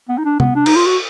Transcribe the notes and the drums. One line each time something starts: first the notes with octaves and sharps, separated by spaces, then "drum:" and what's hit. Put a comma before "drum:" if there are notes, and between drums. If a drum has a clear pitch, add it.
B3
D#4
D4
B3, drum: tom C3
D4
D#4, drum: cymbal
F4
F#4